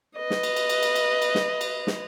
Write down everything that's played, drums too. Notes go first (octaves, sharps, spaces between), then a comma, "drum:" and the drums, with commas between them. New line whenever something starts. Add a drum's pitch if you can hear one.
B4 D#5
drum: snare
drum: cymbal
drum: cymbal
drum: cymbal
drum: cymbal
drum: cymbal
drum: cymbal
drum: snare
drum: cymbal
drum: snare